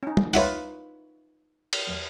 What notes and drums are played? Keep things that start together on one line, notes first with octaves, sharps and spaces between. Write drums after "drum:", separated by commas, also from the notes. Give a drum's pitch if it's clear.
C#4 D#4
drum: tom
D#4 F4 B4 C#5 E5 F#5, drum: open hi-hat
drum: cymbal